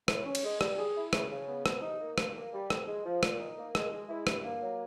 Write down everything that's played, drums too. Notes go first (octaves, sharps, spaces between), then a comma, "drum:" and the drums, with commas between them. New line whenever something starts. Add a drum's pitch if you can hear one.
A2, drum: rim click
C#4
drum: cymbal
G#3
G3, drum: rim click
G#4
E4
C#3, drum: rim click
C#3
B3
C3, drum: rim click
D#4
A#3
G2, drum: rim click
A#3
G3
F2, drum: rim click
G#3
F3
A#2, drum: rim click
D#4
A#3
G#3, drum: rim click
G#3
E4
G2, drum: rim click
A#3
F#3